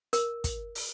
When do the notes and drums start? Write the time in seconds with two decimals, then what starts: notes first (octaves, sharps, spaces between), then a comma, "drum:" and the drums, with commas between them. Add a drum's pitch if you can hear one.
0.13 A#4, drum: hi-hat
0.44 drum: kick, hi-hat
0.75 drum: open hi-hat